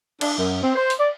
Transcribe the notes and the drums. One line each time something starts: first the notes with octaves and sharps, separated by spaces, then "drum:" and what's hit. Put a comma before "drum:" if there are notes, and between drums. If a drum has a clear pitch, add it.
D4, drum: cymbal
F#2
C4
C5
drum: open hi-hat
D5